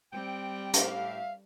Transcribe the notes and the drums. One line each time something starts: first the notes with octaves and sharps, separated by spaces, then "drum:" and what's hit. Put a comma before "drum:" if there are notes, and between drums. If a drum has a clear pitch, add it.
G3 C4 G5
A2 G4 E5 F5, drum: hi-hat